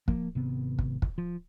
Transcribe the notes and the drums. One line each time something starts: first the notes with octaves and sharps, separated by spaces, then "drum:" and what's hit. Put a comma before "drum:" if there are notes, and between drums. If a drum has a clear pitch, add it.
F3 A#3, drum: kick
G#1 C3 B3
drum: kick
drum: kick
F3